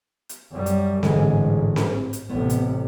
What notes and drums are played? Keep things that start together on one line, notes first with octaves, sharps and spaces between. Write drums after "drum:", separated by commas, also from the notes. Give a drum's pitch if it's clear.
drum: hi-hat
F#2 G3
drum: hi-hat
A1 G#2 D3 E3 G#3, drum: snare C4
drum: snare C4
drum: hi-hat
A1 C3 B3
drum: hi-hat